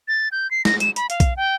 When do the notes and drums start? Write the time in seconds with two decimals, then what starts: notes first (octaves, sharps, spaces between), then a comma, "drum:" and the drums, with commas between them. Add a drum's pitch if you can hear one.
0.08 A6
0.32 G6
0.51 C7
0.65 A#6, drum: snare
0.80 E7, drum: hi-hat
0.96 B5, drum: hi-hat
1.10 F5, drum: hi-hat
1.20 drum: kick B1, hi-hat
1.37 G5